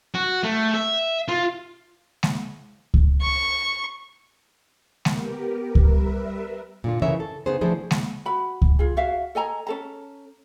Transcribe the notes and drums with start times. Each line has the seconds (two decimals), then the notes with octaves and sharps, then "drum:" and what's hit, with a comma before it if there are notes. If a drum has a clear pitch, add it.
0.14 F#4
0.43 A3
0.74 E5
1.28 F4
2.23 drum: snare G#3
2.94 drum: kick C#2
3.21 C#6
5.05 B3 G4 A#4, drum: snare G#3
5.75 G3 A#4 B4 E5, drum: kick C#2
6.84 A#2 D3 F4
7.02 C#3 E3 A#4 C#5 E5
7.20 A4
7.46 C#3 B3 D#4 G#4 C5
7.61 D3 F3 A3 E4 G#4 C5
7.91 drum: snare G#3
8.26 F#4 B5
8.62 drum: kick C#2
8.79 F4 G#4
8.97 F#4 E5 F5
9.35 A4 D#5 G#5 A#5
9.67 C#4 A4 A#5